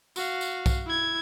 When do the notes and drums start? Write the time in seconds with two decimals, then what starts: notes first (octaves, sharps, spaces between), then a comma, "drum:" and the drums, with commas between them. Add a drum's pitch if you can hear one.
0.16 F#4 F5, drum: tambourine
0.41 drum: tambourine
0.66 drum: kick B1, tambourine
0.86 E4 G#6